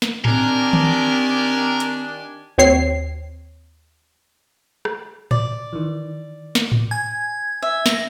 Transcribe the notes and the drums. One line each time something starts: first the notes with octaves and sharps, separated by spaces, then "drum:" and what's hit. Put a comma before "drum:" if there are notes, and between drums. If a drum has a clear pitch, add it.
drum: snare
D#3 C4 D4 G4 A#4 G#5, drum: tom A2
drum: tom D#3
drum: hi-hat
D#2 C4 C#5 C7
drum: rim click
D5, drum: tom A2
D#3 E3
drum: snare
drum: tom A2
G#5 G#6
E5
A#6, drum: snare